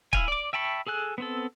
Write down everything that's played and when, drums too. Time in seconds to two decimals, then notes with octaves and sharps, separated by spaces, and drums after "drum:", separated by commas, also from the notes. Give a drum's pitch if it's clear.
0.13 E4 F5 G#5, drum: kick
0.28 D5 D6
0.53 E5 G5 A5 B5 C#6
0.87 G#4 A4 G#5 F#6
1.18 B3 C4 A4